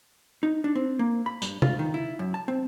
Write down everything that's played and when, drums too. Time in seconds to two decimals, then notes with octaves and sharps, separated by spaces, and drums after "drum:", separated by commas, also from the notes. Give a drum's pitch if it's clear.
0.43 D#4
0.64 D4
0.75 C4
0.99 A#3
1.26 B5
1.42 G2, drum: tambourine
1.62 F4, drum: tom C3
1.79 D#3
1.94 E4
2.19 F#2
2.34 A5
2.48 C4